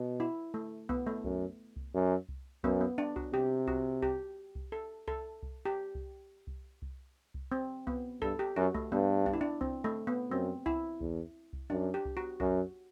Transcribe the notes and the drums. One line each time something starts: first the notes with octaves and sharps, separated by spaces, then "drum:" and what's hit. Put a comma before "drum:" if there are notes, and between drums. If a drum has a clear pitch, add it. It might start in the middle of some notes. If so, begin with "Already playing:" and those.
Already playing: B2
E4
A3
B3, drum: kick C2
A3
F#2, drum: kick C2
drum: kick C2
F#2
drum: kick C2
F#2 B3, drum: kick C2
B3
D4
F#4, drum: kick C2
C3 G4
F#4, drum: kick C2
G4, drum: kick C2
drum: kick C2
A4
A4, drum: kick C2
drum: kick C2
G4
drum: kick C2
drum: kick C2
drum: kick C2
drum: kick C2
C4
B3, drum: kick C2
G2 A4, drum: kick C2
G4
F#2 F#4
A3, drum: kick C2
G2 B3
D4, drum: kick C2
E4
D4
C4, drum: kick C2
A3
B3
F#2 C4
E4, drum: kick C2
E2, drum: kick C2
drum: kick C2
F#2 D4
G4
drum: kick C2
F#4
F#2 F#4, drum: kick C2